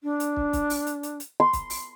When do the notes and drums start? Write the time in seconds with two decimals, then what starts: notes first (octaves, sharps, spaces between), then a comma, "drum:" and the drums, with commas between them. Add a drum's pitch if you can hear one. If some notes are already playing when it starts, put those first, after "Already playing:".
0.03 D4
0.20 drum: hi-hat
0.37 drum: kick
0.53 drum: kick, hi-hat
0.70 drum: open hi-hat
0.87 drum: hi-hat
1.03 drum: hi-hat
1.20 drum: hi-hat
1.40 C6
1.53 drum: kick, hi-hat
1.70 drum: open hi-hat